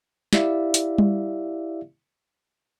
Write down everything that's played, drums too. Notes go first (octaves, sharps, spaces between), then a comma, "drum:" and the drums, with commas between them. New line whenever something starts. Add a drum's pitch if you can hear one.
E4 G4 D5 E5 F5, drum: snare
drum: hi-hat
drum: tom G3